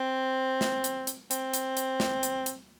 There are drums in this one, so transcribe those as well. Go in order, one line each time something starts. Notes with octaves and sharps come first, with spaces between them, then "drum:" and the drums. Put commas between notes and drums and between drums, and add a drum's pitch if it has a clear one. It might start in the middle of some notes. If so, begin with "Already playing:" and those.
Already playing: C4
drum: snare
drum: hi-hat
drum: hi-hat
C4, drum: hi-hat
drum: hi-hat
drum: hi-hat
drum: snare
drum: hi-hat
drum: hi-hat